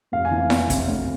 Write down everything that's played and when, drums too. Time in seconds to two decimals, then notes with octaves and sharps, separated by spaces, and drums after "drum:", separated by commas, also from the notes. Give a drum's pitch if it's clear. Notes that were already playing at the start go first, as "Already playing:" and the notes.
0.12 F1 F5
0.25 G#5
0.31 E3
0.38 F5
0.50 E2, drum: snare E4
0.70 C3, drum: kick, hi-hat
0.88 D2